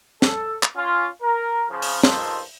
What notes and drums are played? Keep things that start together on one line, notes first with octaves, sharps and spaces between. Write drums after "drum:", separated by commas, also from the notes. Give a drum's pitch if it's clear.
A4, drum: snare
drum: clap
C#4 F4
A#4
C#3 F3
drum: open hi-hat
G2 D#3 G#3 F4 A4 C5, drum: snare